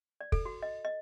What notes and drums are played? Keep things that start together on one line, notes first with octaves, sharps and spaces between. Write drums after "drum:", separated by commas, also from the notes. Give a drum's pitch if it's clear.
D5
A4, drum: kick
F#4
D#5
D#5